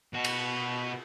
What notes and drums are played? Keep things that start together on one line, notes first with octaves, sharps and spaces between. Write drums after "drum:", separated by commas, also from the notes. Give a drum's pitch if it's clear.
B2 F#4
drum: cymbal